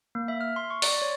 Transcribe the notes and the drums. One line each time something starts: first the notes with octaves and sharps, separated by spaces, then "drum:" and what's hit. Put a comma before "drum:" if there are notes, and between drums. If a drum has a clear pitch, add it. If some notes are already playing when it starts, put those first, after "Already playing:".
A#3
E5
F6
C6
C#6
D5, drum: open hi-hat
C#5